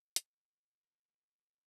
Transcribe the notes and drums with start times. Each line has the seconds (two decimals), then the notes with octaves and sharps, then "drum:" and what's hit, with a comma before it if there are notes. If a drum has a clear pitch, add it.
0.16 drum: hi-hat
0.47 A2 D#3 E3
0.84 A#3 A#4
1.36 F#3